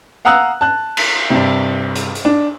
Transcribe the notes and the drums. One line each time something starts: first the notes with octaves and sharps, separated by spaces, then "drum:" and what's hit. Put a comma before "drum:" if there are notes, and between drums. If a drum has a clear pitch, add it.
F5 F#5 A#5 D#6 E6 F#6
A5 F#6
drum: cymbal
G2 C3
drum: hi-hat
drum: hi-hat
D4